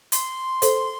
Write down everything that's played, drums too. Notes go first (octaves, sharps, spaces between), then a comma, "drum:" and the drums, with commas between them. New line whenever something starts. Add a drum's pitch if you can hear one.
C6, drum: hi-hat
A4 C5, drum: hi-hat